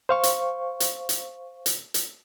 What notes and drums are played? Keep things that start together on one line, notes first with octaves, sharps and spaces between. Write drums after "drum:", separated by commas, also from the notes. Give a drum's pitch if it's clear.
C5 F5 C#6
drum: hi-hat
drum: hi-hat
drum: hi-hat
drum: hi-hat
drum: hi-hat